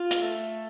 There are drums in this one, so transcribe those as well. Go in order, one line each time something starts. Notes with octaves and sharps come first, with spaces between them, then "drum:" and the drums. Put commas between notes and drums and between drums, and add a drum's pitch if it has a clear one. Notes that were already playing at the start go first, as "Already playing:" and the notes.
Already playing: F4
drum: hi-hat
A3